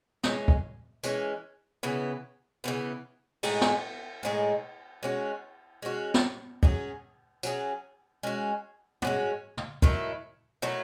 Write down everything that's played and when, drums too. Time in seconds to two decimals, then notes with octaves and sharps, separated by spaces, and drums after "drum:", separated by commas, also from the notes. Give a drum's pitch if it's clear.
0.23 E3 G#3 C#4, drum: snare
0.48 drum: kick
1.04 E3 G#3 C#4, drum: tambourine
1.83 C#3 E3 B3
2.64 C#3 E3 B3
3.43 A2 G#3 D#4 G#4, drum: cymbal
3.61 drum: snare
4.23 A2 G#3 D#4 G#4
5.03 G#3 C#4 F#4
5.82 G#3 C#4 F#4
6.14 drum: snare
6.63 F#3 C#4 G#4, drum: kick
7.43 F#3 C#4 G#4, drum: tambourine
8.23 G#3 C#4 F#4
9.02 G#3 C#4 F#4, drum: tom
9.57 drum: tom
9.82 D#3 F#3 A3 E4, drum: kick
10.62 D#3 F#3 A3 E4